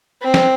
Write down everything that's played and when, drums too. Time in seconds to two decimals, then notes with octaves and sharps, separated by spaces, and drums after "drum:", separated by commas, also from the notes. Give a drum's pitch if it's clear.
0.22 C4
0.34 drum: snare